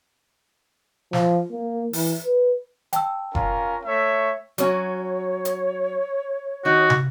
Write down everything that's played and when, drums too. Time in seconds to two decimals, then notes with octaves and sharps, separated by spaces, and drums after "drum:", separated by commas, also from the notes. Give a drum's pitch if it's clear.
1.13 F3, drum: snare
1.51 A#3
1.93 E3, drum: open hi-hat
2.25 B4
2.93 G5 A5 E6, drum: hi-hat
3.35 C#4 F4 A#4, drum: kick F1
3.86 A3 C#5 E5
4.58 F#3 C#4 F#4 C#5, drum: hi-hat
5.45 drum: hi-hat
6.65 D#3 D#4 F#4
6.90 drum: tom